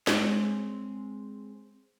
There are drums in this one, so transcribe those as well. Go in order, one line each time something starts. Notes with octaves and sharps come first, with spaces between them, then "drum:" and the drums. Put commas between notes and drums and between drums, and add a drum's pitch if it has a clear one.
G#3 C4 C#5, drum: snare